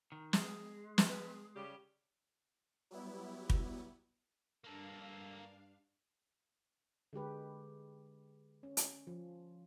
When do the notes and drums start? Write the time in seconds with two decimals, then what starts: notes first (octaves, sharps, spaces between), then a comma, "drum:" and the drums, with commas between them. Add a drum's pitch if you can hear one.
0.12 D#3
0.33 G#3, drum: snare
0.98 B4, drum: snare
1.56 C#3 G3 G4
2.91 F#3 G3 B3 E4
3.50 drum: kick
4.64 G2 A#3 D4 A4 F5
7.13 D3 G#3 G4 B4
8.63 C#4
8.77 drum: hi-hat
9.07 F3